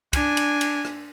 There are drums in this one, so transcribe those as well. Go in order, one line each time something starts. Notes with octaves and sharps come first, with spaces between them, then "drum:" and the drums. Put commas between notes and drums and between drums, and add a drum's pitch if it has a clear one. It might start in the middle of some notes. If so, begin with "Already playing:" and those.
D4 G#5, drum: kick, cymbal
drum: cymbal
drum: cymbal
drum: rim click